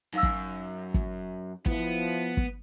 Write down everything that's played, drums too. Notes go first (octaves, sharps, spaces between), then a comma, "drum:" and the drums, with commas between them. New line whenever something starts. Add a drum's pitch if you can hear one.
F#2 D#4 F5 E6
drum: kick
drum: kick
F3 B3 E4, drum: kick
drum: kick